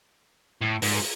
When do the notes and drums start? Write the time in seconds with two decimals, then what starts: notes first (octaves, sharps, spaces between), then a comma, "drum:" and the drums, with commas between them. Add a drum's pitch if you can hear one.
0.61 A2
0.82 G#2, drum: open hi-hat